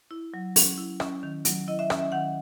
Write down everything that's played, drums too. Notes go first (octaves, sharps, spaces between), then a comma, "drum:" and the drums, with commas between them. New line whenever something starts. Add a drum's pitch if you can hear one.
E4
F#3
C#4, drum: open hi-hat
E4
C#4, drum: rim click
D#3
F#3, drum: hi-hat
E4 D#5
E5
C#4 E5, drum: rim click
E5
D#3 F#5